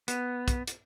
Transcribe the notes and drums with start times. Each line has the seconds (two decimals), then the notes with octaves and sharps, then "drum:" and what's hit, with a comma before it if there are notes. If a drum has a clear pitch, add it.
0.08 B3, drum: hi-hat
0.48 drum: kick, hi-hat
0.67 drum: hi-hat